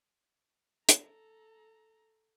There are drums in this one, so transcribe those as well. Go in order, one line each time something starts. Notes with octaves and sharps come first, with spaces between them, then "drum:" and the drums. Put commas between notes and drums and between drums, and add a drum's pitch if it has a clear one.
A4 A#5, drum: hi-hat